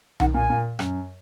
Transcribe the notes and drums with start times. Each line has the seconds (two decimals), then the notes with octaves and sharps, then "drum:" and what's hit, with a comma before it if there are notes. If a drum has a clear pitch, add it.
0.20 D#3 F#5, drum: tom B1
0.34 A#2 G#5
0.50 A#2
0.79 F#2, drum: rim click